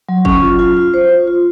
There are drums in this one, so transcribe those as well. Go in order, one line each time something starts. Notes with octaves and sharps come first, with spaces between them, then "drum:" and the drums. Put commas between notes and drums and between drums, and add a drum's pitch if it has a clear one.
F#3
C#4, drum: kick
F4
F4
F4
C5
F4
F4